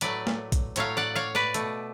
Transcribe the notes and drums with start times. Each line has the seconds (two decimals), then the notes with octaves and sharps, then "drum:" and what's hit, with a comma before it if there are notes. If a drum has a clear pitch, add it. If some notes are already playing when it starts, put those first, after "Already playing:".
0.01 A2 F#3 A3 B4 D5, drum: hi-hat
0.27 drum: snare
0.52 drum: kick A#1, hi-hat
0.76 A2 F#3 A3 C#5 F5, drum: hi-hat
0.97 D5 F#5
1.15 C#5 F5
1.35 B4 D5
1.54 B2 A3, drum: hi-hat